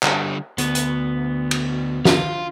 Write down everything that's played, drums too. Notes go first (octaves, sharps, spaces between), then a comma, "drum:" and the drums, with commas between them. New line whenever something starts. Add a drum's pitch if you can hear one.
D3 G3, drum: clap
D2 B3, drum: hi-hat
drum: hi-hat
drum: cymbal
F4, drum: snare